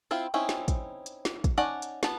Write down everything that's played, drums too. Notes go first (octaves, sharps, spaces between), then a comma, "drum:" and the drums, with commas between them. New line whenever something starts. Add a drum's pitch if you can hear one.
C4 E4 F4
C4 C#4 D#4 E4
drum: snare
drum: kick, hi-hat
drum: hi-hat
drum: snare
drum: kick, hi-hat
C#4 D#4 D5 F#5 A5
drum: hi-hat
B3 A5, drum: snare